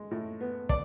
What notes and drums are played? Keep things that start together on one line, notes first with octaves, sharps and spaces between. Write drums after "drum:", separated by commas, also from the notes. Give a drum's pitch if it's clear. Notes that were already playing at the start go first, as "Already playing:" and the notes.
Already playing: G#3
A2
B3
D5, drum: kick